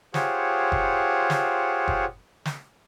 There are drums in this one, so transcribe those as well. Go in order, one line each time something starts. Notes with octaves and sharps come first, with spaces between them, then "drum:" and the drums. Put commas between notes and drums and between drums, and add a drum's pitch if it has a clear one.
F4 G4 G#4 C5 C#5 F#5, drum: snare
drum: kick F#1
drum: snare
drum: kick F#1
drum: snare